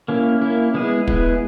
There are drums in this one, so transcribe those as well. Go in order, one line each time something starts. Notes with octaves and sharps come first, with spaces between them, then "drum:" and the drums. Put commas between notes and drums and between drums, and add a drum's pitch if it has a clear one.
A#3 C#4 E4
A#3 C#4 E4
G#3 B3 E4 G#4
G#3 B3 E4 G#4, drum: kick